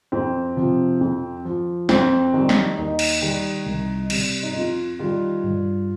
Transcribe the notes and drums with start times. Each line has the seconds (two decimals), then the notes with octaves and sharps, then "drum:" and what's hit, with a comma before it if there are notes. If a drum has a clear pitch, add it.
0.12 F2 C4
0.57 C3 F3
1.01 F2
1.45 F3
1.89 F2 C4, drum: snare
2.34 D#3 G3
2.49 drum: snare
2.78 D#2 D#4
2.99 drum: cymbal
3.21 D#3 G3
3.66 C2
4.10 C3 G3, drum: cymbal
4.43 D#4
4.54 F2 F4
4.99 D#3 G3 F4
5.43 G2